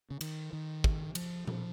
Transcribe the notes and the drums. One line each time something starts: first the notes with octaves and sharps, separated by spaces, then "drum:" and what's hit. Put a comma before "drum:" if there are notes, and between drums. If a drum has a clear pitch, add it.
C#3
D#3, drum: cymbal
D#3
drum: kick
F3, drum: cymbal
F3, drum: tom A#2